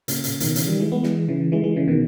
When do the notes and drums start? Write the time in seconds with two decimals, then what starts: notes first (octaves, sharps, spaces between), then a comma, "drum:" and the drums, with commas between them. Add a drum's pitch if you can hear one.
0.08 A#2 C#3, drum: hi-hat
0.24 A#2 C#3, drum: hi-hat
0.40 B2 D#3, drum: hi-hat
0.56 C#3 E3, drum: hi-hat
0.67 D#3 G3
0.80 E3 G#3
0.92 G#3 B3
1.03 E3 G#3, drum: snare
1.29 C#3 E3
1.52 E3 G#3
1.64 E3 G#3
1.76 C#3 E3
1.88 B2 D#3